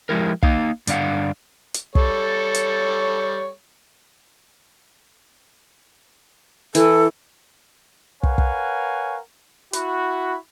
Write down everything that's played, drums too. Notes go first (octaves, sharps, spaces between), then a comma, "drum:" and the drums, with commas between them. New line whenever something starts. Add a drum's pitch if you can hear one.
F3 G#3 E4 G4 A#4
A#3 D#4 F5, drum: kick
G2 D3 D4 F5 F#5, drum: hi-hat
drum: hi-hat
G3 A4 C#5, drum: kick
drum: hi-hat
E3 A4, drum: hi-hat
A#4 B4 C#5 F5 F#5 G#5, drum: kick
drum: kick
E4 F#4 B5, drum: hi-hat